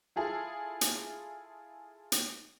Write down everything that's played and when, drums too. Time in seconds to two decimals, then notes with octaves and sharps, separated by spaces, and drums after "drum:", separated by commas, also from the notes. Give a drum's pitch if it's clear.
0.16 E4 F4 G#4 A4
0.81 drum: hi-hat
2.12 drum: hi-hat